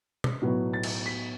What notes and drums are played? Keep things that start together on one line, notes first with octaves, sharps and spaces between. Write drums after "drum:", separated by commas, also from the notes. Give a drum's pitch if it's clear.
drum: tom
B1 A2 F#3 B3
A6
drum: cymbal
B6